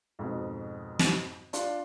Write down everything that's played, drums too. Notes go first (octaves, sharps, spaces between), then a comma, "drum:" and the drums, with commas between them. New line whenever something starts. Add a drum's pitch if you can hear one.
F2 G#2 B2
drum: snare
D4 F4, drum: hi-hat